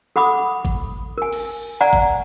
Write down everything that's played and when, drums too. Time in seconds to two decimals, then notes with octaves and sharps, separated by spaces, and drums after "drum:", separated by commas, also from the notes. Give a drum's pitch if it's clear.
0.16 A4 F#5 B5 D6 D#6
0.65 drum: kick G#1
1.18 A#4 G#5
1.33 drum: cymbal
1.81 D5 F#5 G#5 A#5
1.93 drum: kick G#1